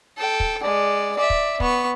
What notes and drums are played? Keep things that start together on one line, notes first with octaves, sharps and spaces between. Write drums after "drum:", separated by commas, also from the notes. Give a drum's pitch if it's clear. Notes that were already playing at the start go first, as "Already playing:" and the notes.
A4 G5
drum: kick
G#3 D5
D5 E5
drum: kick
B3 C#6, drum: kick